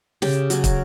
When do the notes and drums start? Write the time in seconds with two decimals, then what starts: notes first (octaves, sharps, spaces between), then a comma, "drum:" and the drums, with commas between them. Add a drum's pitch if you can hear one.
0.22 C#3 G4, drum: snare
0.50 F#3 C#4, drum: hi-hat
0.64 drum: kick, hi-hat